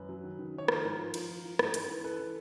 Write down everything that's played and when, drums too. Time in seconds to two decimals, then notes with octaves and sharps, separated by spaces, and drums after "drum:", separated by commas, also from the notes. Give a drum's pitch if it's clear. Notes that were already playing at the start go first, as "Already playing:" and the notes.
Already playing: F#2 B4
0.09 F#3
0.23 D#3
0.39 D#3
0.54 D#3 C#5
0.68 F3 A#4 C5, drum: rim click
0.84 G#2
0.98 F3
1.14 F3, drum: cymbal
1.29 F3
1.44 F3
1.59 G#2, drum: rim click
1.74 E3, drum: hi-hat
1.89 E3
2.04 E3 A4 B4
2.19 E3